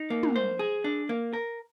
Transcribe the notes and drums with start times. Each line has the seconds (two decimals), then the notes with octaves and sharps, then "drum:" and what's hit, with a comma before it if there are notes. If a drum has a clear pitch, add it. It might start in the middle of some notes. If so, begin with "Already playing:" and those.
Already playing: D#4
0.10 A#3
0.23 drum: tom
0.36 C5
0.59 G#4
0.84 D4
1.09 A#3
1.33 A#4